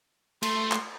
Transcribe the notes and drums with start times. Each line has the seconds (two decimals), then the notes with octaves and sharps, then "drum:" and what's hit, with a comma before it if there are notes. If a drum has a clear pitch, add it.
0.43 A3 C6, drum: cymbal
0.72 drum: clap